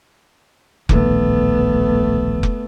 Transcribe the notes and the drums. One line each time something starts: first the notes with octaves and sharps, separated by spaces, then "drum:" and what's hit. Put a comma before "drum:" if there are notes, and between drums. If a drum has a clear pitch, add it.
D1 A#1 D#3 A3 B3, drum: kick F1
drum: kick F1